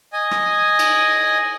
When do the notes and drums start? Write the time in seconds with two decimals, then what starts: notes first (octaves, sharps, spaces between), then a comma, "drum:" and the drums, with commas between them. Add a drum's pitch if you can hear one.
0.13 D#5 G#5
0.31 drum: rim click
0.79 drum: cymbal